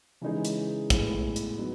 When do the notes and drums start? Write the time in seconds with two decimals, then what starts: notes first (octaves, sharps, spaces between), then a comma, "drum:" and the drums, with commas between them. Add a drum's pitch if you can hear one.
0.21 C#3 E3 G#3 D#4 G#4
0.45 drum: hi-hat
0.90 A2 G#3 B3, drum: kick, hi-hat
1.36 drum: hi-hat
1.58 F#3 B3 D#4